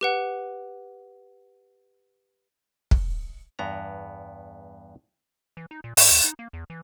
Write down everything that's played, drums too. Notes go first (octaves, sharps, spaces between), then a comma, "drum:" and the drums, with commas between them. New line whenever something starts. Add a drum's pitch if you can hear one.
G4 B4 F#5
drum: kick
E2 G2 B3 A#5
E3
D#4
A#2
G#2, drum: open hi-hat
D#2
D#4
A#3
E2
E3